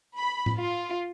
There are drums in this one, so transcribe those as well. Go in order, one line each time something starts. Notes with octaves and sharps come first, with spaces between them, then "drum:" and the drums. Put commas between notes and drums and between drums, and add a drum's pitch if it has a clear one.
B5
drum: tom A2
F4